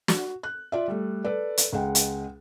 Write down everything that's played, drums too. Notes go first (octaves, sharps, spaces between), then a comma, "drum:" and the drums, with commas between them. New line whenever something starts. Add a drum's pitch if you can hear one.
F#4, drum: snare
F#6
F4 D5 E5
G3 A3
A4 B4 D5
drum: hi-hat
C#2 G#3 F#5 G5
drum: hi-hat